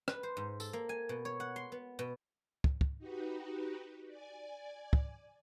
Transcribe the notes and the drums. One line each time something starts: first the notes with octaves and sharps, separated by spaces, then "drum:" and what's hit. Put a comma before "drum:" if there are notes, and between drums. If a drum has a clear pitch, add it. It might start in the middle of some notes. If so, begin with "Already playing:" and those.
B4, drum: rim click
C5
G#2
A4, drum: tambourine
A#3
G#5
B2
C#5
F#5
C6
B3
B2
drum: kick
drum: kick
D#4 F#4 G4 B4
D5 G#5
drum: kick